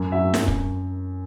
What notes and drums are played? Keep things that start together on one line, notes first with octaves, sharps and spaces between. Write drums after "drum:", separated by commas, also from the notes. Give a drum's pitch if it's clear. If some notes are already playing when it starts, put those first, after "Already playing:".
Already playing: F#2
F#3 E5
F#2, drum: snare
drum: kick